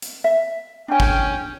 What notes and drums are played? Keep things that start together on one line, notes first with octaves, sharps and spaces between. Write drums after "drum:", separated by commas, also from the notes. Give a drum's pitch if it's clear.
drum: hi-hat
E5
C#4 D4 G5 G#5
drum: kick